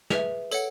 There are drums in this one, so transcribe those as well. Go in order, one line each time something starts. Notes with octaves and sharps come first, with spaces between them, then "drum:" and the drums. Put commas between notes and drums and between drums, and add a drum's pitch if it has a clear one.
G#4 B4 E5, drum: snare
A4 C#5 F#5, drum: tambourine